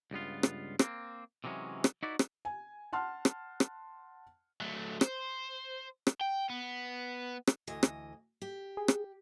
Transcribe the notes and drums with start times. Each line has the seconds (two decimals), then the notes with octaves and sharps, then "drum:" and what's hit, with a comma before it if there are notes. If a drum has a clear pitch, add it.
0.11 C#2 G2 B3 F4
0.43 drum: rim click
0.79 A#3 C4, drum: rim click
1.44 C3 E3 F#3 G#3 C#4
1.84 drum: rim click
2.03 D#4 E4 F#4 B4 D5
2.19 drum: rim click
2.45 G#5
2.93 F#5 A5 C6 F6
3.25 drum: rim click
3.60 drum: rim click
4.61 F#3 A3
5.01 C5, drum: rim click
6.07 drum: rim click
6.21 G5
6.50 B3
7.47 drum: rim click
7.67 D2 E3 D#5
7.83 drum: rim click
8.42 G4
8.77 G#4
8.88 drum: rim click